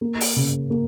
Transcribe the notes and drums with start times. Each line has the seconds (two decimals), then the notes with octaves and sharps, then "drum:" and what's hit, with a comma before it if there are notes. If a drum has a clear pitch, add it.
0.01 A#3
0.21 drum: open hi-hat
0.36 C#3
0.70 A#3